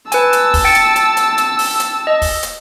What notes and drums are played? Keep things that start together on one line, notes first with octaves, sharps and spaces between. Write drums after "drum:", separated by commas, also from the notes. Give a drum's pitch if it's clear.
B4 G#5 A5 E6, drum: hi-hat
drum: hi-hat
drum: kick, open hi-hat
G5 A6 C#7
drum: hi-hat
drum: hi-hat
drum: hi-hat
drum: hi-hat
drum: open hi-hat
drum: hi-hat
D#5
drum: kick, open hi-hat
drum: hi-hat